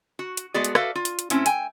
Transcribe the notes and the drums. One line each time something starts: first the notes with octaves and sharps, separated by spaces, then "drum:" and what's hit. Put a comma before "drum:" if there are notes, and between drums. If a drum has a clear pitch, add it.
F#4
drum: hi-hat
G#3 A3 B3 F#4 G#4 D5
drum: hi-hat
F#4 A4 B4 D5 E5 F5, drum: rim click
F4
drum: hi-hat
drum: hi-hat
A2 C4 C#4 E4, drum: hi-hat
G5 G#5, drum: hi-hat